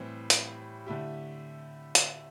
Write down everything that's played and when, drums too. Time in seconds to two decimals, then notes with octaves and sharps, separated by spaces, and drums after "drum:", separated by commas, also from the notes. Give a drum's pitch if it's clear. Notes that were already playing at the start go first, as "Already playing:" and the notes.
Already playing: A2 E3 G3 C4
0.30 drum: hi-hat
0.86 D3 A3 E4 G4
1.95 drum: hi-hat